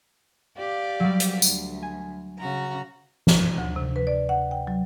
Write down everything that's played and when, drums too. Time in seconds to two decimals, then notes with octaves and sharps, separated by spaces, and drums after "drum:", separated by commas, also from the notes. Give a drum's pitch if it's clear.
0.58 G4 D5 F5
1.00 F#3 G3
1.20 drum: hi-hat
1.42 D2, drum: tambourine
1.82 G#5
2.39 C#3 F#4 A#5
3.27 drum: snare
3.58 D2
3.76 C3
3.96 B4
4.07 D5
4.29 F#5
4.51 G5
4.67 F#3